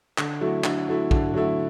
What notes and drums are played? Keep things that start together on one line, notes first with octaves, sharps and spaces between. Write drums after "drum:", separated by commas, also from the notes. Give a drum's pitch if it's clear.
D3, drum: clap
F#3 A3 E4
D3, drum: clap
F#3 A3 E4
D3, drum: kick
F#3 A3 E4